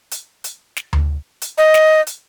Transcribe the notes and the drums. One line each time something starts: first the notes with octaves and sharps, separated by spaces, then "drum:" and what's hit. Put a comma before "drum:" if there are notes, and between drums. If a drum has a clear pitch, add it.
drum: hi-hat
drum: hi-hat
drum: snare
drum: tom D2
drum: hi-hat
D#5
drum: snare
drum: hi-hat